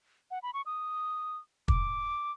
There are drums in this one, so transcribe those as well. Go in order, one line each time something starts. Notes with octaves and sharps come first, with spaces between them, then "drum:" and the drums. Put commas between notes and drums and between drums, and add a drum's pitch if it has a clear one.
F#5
B5
C#6
D#6
D6, drum: kick